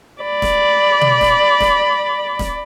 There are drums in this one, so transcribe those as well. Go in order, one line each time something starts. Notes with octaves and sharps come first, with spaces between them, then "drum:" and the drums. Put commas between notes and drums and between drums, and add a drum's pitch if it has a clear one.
D5 B5
drum: snare
drum: tom B2
drum: snare
drum: snare
drum: snare